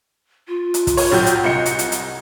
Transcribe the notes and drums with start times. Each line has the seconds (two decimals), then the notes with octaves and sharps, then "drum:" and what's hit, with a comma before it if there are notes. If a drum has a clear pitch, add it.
0.48 F4
0.74 drum: hi-hat
0.87 drum: kick, hi-hat
0.97 C#5, drum: open hi-hat
1.12 A#1 F#3 G6
1.26 drum: hi-hat
1.44 C2 D#5 C#7
1.66 drum: hi-hat
1.79 drum: hi-hat
1.92 drum: hi-hat